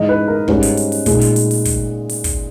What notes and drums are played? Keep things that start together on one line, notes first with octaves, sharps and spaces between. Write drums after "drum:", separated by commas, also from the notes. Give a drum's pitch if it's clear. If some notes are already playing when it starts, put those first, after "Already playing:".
Already playing: G#2 E3 G#3 D#4 D#5
B4
A#4
G#2 G3 C#4 B4, drum: kick
drum: hi-hat
drum: hi-hat
drum: open hi-hat
A#2 G#3 D#4, drum: kick, hi-hat
drum: hi-hat
drum: hi-hat
drum: open hi-hat
drum: kick, hi-hat
drum: open hi-hat
drum: kick, hi-hat